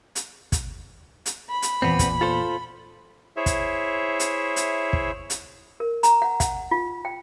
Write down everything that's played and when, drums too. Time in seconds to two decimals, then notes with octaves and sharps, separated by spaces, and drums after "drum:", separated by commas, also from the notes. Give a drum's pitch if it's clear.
0.15 drum: hi-hat
0.52 drum: kick, hi-hat
1.26 drum: hi-hat
1.49 B5
1.62 drum: hi-hat
1.82 E2 A#2 B3 C4
1.99 drum: kick, hi-hat
2.21 F4 A4 C5
3.37 E4 G#4 C5 C#5 E5
3.46 drum: kick, hi-hat
4.20 drum: hi-hat
4.56 drum: hi-hat
4.93 drum: kick
5.30 drum: hi-hat
5.80 A#4
6.03 A#5, drum: hi-hat
6.22 F#5
6.40 F#5, drum: kick, hi-hat
6.71 F4
7.05 G5